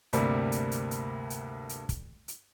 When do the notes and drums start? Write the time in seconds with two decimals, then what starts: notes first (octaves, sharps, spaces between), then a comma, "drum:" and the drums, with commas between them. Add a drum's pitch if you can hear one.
0.13 D2 G2 C3 G3 A#3, drum: hi-hat
0.52 drum: hi-hat
0.71 drum: hi-hat
0.91 drum: hi-hat
1.30 drum: hi-hat
1.69 drum: hi-hat
1.89 drum: kick, hi-hat
2.28 drum: hi-hat